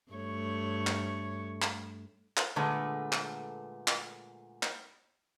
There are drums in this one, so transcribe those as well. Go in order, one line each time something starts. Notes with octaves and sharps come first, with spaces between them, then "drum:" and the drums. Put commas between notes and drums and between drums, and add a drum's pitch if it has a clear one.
G2 A3 C#5
drum: clap
drum: clap
drum: clap
A#2 D3 G#3 A3 B4
drum: clap
drum: clap
drum: clap